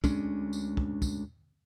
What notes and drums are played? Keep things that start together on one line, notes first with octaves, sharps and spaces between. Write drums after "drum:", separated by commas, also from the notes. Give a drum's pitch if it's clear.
D2 G#3 C#4 D4, drum: kick, tambourine
drum: tambourine
drum: kick
drum: kick, tambourine